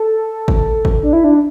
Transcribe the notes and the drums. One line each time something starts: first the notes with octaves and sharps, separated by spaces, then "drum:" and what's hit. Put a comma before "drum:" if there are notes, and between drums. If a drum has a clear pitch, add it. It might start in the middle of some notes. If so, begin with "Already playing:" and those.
Already playing: A4
drum: kick G#1
drum: kick G#1
D4
E4
D4